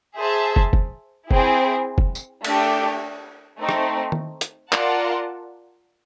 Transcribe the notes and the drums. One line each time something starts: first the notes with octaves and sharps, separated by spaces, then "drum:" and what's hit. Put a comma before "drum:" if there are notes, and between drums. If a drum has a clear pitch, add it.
G#4 C5 E5 A5
drum: kick
drum: kick
C4 E4 G#4, drum: kick
drum: kick
drum: tambourine
A3 D4 G4, drum: cymbal
A3 C4 D#4
drum: rim click
drum: tom D#3
drum: hi-hat
F4 A#4 D5 F#5 A5, drum: clap